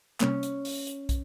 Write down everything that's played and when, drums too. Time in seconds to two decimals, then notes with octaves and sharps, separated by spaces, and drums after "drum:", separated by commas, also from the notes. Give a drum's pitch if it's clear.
0.20 C3 G3 A#3 C#4, drum: clap
0.43 drum: hi-hat
0.65 drum: open hi-hat
0.87 drum: hi-hat
1.09 drum: kick, hi-hat